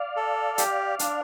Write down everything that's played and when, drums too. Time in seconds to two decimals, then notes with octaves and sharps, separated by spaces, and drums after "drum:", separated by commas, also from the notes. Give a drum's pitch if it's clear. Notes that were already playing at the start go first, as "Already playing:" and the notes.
Already playing: D5 F5
0.16 A4
0.58 G4, drum: hi-hat
0.99 D4, drum: hi-hat